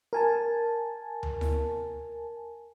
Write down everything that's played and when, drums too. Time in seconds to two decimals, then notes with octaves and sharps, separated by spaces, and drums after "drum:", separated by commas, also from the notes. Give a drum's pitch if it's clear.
0.13 A#4 G#5 A5
1.23 drum: tom D2
1.41 drum: snare E4